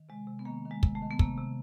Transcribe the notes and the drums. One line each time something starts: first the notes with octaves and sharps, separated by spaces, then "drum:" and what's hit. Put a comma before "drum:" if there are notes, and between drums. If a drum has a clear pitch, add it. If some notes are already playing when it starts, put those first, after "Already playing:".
Already playing: D#3
C3 G#3
C3
B3
D#3 A#3
D#3
G#3
C3, drum: kick
A3
D#3
B3
C3 A#3, drum: kick
C3